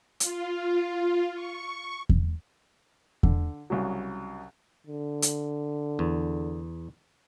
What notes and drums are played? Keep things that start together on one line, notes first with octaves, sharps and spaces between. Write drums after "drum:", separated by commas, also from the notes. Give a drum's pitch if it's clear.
F4, drum: hi-hat
C#6
drum: kick E2
D3, drum: kick E2
C2 C#3 F#3
D3
drum: hi-hat
E2